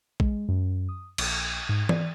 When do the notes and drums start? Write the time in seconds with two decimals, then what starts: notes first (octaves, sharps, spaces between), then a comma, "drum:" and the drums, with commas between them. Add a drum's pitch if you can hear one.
0.20 G#3, drum: kick
0.48 F#2
0.89 D#6
1.18 A#1, drum: cymbal
1.69 G#2
1.89 D5, drum: tom E3